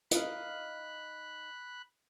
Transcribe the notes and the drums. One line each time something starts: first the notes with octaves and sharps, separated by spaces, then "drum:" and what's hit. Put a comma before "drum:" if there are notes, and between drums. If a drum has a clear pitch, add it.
D#4 D#5 F5 B5 F#6, drum: hi-hat